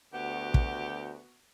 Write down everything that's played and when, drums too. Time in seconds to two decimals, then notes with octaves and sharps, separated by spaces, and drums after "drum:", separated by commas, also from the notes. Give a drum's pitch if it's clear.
0.14 D2 B3 F#4 G4 F#5
0.54 drum: kick